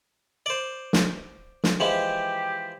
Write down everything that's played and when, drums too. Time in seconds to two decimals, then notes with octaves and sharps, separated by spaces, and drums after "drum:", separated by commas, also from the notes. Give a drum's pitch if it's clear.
0.46 C5 D5
0.93 drum: snare
1.64 drum: snare
1.80 E3 F3 G#3 G4